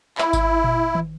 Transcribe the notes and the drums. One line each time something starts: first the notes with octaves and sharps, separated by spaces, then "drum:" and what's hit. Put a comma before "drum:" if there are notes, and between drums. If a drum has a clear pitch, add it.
E4, drum: clap
drum: kick G#1, tambourine
drum: tom A#2
drum: tom D#3